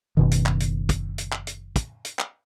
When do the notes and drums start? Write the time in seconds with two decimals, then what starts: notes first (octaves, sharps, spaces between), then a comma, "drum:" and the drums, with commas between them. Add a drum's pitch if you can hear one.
0.17 F#1 B2 D#3
0.31 drum: hi-hat
0.46 drum: clap
0.60 drum: hi-hat
0.89 drum: kick, hi-hat
1.18 drum: hi-hat
1.32 drum: clap
1.47 drum: hi-hat
1.76 drum: kick, hi-hat
2.05 drum: hi-hat
2.19 drum: clap